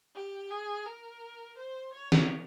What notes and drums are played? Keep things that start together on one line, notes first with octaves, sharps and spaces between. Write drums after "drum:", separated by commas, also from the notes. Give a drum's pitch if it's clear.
G4
G#4
A#4
C5
C#5
drum: snare